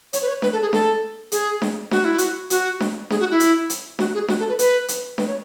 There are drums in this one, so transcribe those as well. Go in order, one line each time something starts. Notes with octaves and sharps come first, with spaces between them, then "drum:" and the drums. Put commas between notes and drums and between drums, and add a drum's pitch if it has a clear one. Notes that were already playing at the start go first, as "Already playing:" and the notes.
C#5, drum: hi-hat
B4
C#5
B4, drum: snare D4
A4
G#4
A4, drum: snare D4
G#4, drum: hi-hat
drum: snare D4
F#4, drum: snare D4
E4
F#4, drum: hi-hat
F#4, drum: hi-hat
drum: snare D4
G#4, drum: snare D4
F#4
E4
drum: hi-hat
drum: hi-hat
F#4, drum: snare D4
G#4
F#4, drum: snare D4
A4
B4
B4, drum: hi-hat
drum: hi-hat
B4, drum: snare D4
C#5